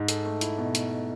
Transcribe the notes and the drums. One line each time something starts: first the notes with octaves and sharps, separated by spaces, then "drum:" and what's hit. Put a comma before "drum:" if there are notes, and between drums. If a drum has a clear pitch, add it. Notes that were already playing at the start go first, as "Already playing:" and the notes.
Already playing: G#2
A4, drum: hi-hat
A3
E4, drum: hi-hat
B2
drum: hi-hat